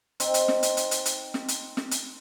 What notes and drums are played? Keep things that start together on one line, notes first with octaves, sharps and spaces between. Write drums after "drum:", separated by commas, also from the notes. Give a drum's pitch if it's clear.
C4 D#4 D#5, drum: hi-hat
drum: hi-hat
drum: snare
drum: hi-hat
drum: hi-hat
drum: hi-hat
drum: hi-hat
drum: snare
drum: hi-hat
drum: snare
drum: hi-hat